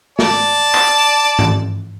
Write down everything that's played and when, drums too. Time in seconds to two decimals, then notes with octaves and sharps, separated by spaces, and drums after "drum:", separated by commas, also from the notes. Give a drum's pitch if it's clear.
0.19 D5 A5, drum: snare
0.74 drum: clap
1.39 drum: tom G2